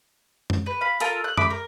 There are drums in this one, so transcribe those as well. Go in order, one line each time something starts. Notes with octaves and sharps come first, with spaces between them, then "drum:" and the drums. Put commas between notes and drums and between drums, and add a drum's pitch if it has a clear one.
drum: tom F#2
B4
F5 B5
F4 A4 A#4, drum: hi-hat
F#6
A3 B5 D6, drum: tom F#2
A#4